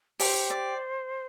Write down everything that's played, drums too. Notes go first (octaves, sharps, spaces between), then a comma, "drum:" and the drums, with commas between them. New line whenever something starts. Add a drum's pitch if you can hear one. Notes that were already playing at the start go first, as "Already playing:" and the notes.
G4 C5, drum: open hi-hat
D5